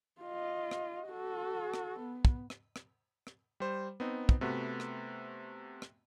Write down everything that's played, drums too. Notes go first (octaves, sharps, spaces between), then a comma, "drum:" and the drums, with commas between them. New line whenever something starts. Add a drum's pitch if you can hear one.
F4 D#5
drum: rim click
F#4 A4
drum: rim click
B3
drum: kick
drum: rim click
drum: rim click
drum: rim click
G3 C5
B3 C4 D#4
drum: kick
C3 A3 B3 F#4
drum: rim click
drum: rim click